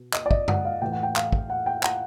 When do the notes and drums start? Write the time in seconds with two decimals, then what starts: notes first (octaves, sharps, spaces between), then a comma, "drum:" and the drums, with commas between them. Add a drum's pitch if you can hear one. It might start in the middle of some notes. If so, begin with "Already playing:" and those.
Already playing: B2
0.13 D#5, drum: clap
0.26 D5
0.31 D#5, drum: kick
0.48 F#5, drum: tom F#2
0.65 F5
0.81 A2 E3 G5
0.92 F#5
1.03 G5
1.16 F5, drum: clap
1.32 drum: kick
1.50 F#5
1.66 G5
1.83 F#5, drum: clap